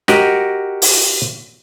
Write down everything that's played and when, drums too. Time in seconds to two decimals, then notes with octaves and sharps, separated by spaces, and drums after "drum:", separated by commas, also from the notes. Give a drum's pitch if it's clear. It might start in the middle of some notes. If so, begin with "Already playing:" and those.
0.08 F#4 G4 A#4 D#5 F#5, drum: snare
0.82 drum: open hi-hat